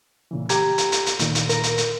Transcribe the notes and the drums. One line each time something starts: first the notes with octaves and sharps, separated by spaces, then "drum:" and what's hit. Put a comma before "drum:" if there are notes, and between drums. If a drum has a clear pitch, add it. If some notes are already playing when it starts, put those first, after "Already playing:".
A#2 C#3 E3
G4 A#5 G#6, drum: hi-hat
drum: hi-hat
drum: hi-hat
drum: hi-hat
D2 A#2 D#3, drum: hi-hat
drum: hi-hat
A#4, drum: hi-hat
drum: hi-hat
drum: hi-hat